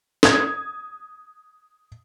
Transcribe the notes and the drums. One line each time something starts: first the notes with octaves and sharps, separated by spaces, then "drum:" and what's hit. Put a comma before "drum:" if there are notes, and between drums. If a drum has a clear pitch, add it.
D#6 G#6, drum: snare